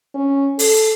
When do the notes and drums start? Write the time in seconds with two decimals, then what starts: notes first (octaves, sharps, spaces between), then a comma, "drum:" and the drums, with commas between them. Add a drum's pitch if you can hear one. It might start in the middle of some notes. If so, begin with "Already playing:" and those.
0.14 C#4
0.59 A4, drum: open hi-hat